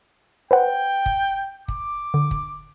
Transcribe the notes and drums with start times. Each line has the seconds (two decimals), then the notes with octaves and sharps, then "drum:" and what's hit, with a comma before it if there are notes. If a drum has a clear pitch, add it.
0.51 B4 C5 F#5 G5
1.06 drum: kick
1.68 D6, drum: kick
2.14 D3
2.31 drum: kick